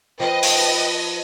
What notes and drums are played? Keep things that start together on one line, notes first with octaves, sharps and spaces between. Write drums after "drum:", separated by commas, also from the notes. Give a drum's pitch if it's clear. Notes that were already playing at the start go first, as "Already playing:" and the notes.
F3 B4 D#5 G5
drum: open hi-hat